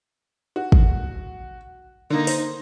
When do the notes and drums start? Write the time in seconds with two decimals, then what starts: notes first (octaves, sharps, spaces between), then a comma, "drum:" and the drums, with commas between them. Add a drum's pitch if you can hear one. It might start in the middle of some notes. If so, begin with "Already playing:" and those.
0.56 F#4
0.72 drum: kick
2.10 D3 A#3 D#4
2.27 C5, drum: open hi-hat